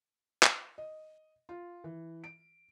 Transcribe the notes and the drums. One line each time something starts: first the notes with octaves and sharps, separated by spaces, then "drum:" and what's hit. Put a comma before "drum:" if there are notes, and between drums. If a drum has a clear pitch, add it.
drum: clap
D#5
F4
E3
D7